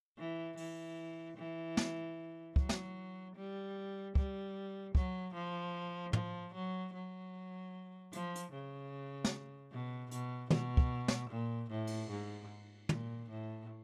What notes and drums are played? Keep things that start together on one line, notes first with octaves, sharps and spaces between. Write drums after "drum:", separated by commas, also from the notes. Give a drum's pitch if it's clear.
E3
E3, drum: open hi-hat
E3
drum: snare
F#3, drum: kick
drum: snare
G3
G3, drum: kick
F#3, drum: kick
F3
F3, drum: tom
F#3
F#3
F3, drum: hi-hat
drum: hi-hat
C#3
drum: snare
B2
B2, drum: hi-hat
B2, drum: tom
drum: kick
drum: snare
A#2
A2
drum: cymbal
G#2
A#2, drum: tom
A2